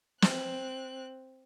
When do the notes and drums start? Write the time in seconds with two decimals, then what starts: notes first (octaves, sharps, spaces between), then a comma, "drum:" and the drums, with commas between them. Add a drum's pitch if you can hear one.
0.22 C4 F#6, drum: snare